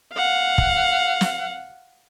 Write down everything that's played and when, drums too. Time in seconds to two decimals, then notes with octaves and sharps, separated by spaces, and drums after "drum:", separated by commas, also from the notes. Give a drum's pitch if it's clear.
0.13 F5 F#5
0.58 drum: kick
1.21 drum: snare